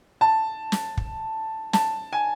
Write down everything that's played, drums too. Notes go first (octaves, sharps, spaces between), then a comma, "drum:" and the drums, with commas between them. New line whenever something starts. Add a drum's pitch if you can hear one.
A5
drum: snare
drum: kick
A5, drum: snare
G#5